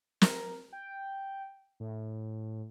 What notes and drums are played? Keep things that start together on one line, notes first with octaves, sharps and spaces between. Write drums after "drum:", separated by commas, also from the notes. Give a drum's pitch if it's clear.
A#4, drum: snare
G5
A2